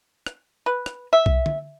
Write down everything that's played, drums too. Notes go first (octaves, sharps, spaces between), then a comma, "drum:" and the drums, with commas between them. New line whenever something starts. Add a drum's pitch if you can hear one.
drum: rim click
B4
drum: rim click
E5
drum: kick B1
drum: tom